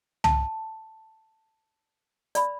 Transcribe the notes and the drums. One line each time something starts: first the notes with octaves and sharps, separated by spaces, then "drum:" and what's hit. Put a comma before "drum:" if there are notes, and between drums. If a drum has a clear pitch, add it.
A5, drum: tom
D5 B5, drum: hi-hat